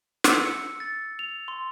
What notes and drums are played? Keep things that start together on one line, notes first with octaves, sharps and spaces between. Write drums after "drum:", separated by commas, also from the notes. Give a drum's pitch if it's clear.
E6, drum: snare
C#7
A6
F7
C6